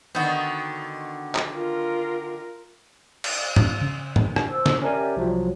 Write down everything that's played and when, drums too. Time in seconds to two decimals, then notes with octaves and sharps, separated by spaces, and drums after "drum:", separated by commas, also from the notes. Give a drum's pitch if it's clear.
0.15 D3 D#3 B3 D#4 F#4
1.35 drum: clap
1.53 F4 A#4
3.24 drum: cymbal
3.56 drum: tom
3.81 C#3
4.16 drum: tom
4.36 drum: rim click
4.49 C5 E6
4.66 drum: snare
4.82 C#4 G4 A#4 D5 E5 G#5
5.16 C2 F3 F#3